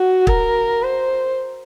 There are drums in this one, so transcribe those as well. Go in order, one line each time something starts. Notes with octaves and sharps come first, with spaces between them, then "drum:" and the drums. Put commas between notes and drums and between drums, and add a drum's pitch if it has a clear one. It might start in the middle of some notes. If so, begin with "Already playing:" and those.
Already playing: F#4
A#4, drum: kick
C5